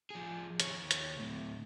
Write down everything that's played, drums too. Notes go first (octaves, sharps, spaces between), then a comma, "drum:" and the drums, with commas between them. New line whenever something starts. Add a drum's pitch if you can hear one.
F3 G#4
D#2 C#5, drum: hi-hat
drum: hi-hat
D2 A2